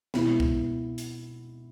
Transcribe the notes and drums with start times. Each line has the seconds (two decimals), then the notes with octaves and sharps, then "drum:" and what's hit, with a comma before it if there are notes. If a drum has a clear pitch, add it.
0.14 B2 G#3 B3 E4, drum: snare
0.40 drum: kick
0.98 drum: hi-hat